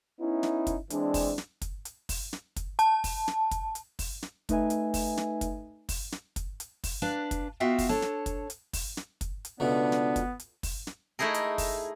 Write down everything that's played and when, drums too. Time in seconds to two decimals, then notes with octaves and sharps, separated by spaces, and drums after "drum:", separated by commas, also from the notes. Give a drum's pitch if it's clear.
0.19 B3 C#4 D#4 E4
0.43 drum: snare
0.67 drum: kick, hi-hat
0.90 E3 G#3 C4 D4, drum: hi-hat
1.14 drum: kick, open hi-hat
1.38 drum: snare
1.61 drum: kick, hi-hat
1.85 drum: hi-hat
2.09 drum: kick, open hi-hat
2.33 drum: snare
2.56 drum: kick, hi-hat
2.79 A5, drum: hi-hat
3.04 drum: kick, open hi-hat
3.28 drum: snare
3.51 drum: kick, hi-hat
3.75 drum: hi-hat
3.99 drum: kick, open hi-hat
4.23 drum: snare
4.49 A3 D#4 B4 E5 G#5, drum: kick, hi-hat
4.70 drum: hi-hat
4.94 drum: kick, open hi-hat
5.17 drum: snare
5.41 drum: kick, hi-hat
5.89 drum: kick, open hi-hat
6.12 drum: snare
6.36 drum: kick, hi-hat
6.60 drum: hi-hat
6.84 drum: kick, open hi-hat
7.02 D4 B4 D5 F5
7.31 drum: kick, hi-hat
7.60 B3 F4 F#4 E5 F5 G5
7.78 drum: kick, open hi-hat
7.89 D4 A4 C#5 A5
8.02 drum: snare
8.26 drum: kick, hi-hat
8.50 drum: hi-hat
8.73 drum: kick, open hi-hat
8.97 drum: snare
9.21 drum: kick, hi-hat
9.45 drum: hi-hat
9.60 C#2 B2 A3 B3 D4
9.92 drum: snare
10.16 drum: kick, hi-hat
10.39 drum: hi-hat
10.63 drum: kick, open hi-hat
10.87 drum: snare
11.19 A3 D#4 E4 G#4 A#4
11.34 drum: hi-hat
11.58 drum: kick, open hi-hat